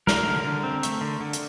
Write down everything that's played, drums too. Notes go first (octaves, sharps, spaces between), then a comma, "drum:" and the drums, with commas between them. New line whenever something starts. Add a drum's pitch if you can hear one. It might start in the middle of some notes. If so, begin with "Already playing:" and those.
A3 A#4, drum: snare
D3
D3
C4
A3, drum: hi-hat
D3
D3
drum: hi-hat